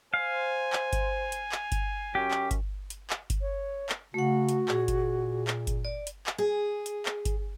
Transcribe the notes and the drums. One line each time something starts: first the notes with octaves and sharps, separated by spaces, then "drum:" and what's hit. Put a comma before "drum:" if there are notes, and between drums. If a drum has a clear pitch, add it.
C5 F5 G#5
drum: clap
drum: kick G1, hi-hat
drum: hi-hat
drum: clap
drum: kick G1, hi-hat
F#2 C#4 G4
drum: clap
drum: kick G1, hi-hat
drum: hi-hat
drum: clap
drum: kick G1, hi-hat
C#5
drum: clap
C#3 A3 F#4 F#5
drum: hi-hat
A#2 G#4, drum: clap
drum: kick G1, hi-hat
drum: clap
drum: kick G1, hi-hat
D5
drum: hi-hat
drum: clap
G#4
drum: hi-hat
drum: clap
drum: kick G1, hi-hat